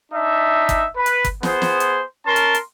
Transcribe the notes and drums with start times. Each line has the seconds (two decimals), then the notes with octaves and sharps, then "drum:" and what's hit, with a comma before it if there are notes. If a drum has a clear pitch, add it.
0.12 D4 D#4 E5
0.69 drum: kick, hi-hat
0.96 B4
1.06 drum: hi-hat
1.24 drum: kick, hi-hat
1.43 B3 G#4 C5, drum: snare
1.62 drum: snare
1.80 drum: hi-hat
2.26 C#4 A#4 A5 C6
2.36 drum: hi-hat
2.55 drum: hi-hat